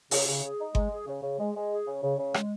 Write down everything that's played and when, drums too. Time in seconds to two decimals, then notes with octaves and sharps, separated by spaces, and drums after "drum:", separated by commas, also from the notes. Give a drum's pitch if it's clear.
0.11 C#3, drum: open hi-hat
0.26 C#3
0.43 G#4
0.59 D#4
0.75 G#3, drum: kick G1
0.91 G#4
1.07 C#3
1.22 C#3
1.39 G#3
1.55 G#3
1.71 G#4
1.87 C#3
2.03 C#3
2.19 C#3
2.34 G#3, drum: rim click